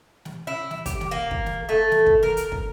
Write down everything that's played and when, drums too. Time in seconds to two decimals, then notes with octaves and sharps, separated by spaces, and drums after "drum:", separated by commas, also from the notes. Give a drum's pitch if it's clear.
0.25 drum: snare
0.47 E4
0.71 drum: snare
0.86 G4, drum: kick, hi-hat
1.01 drum: snare
1.11 A#3
1.31 drum: kick
1.46 drum: snare
1.69 A3
1.91 drum: snare
2.07 drum: kick
2.23 A#4, drum: snare
2.37 drum: hi-hat
2.52 drum: kick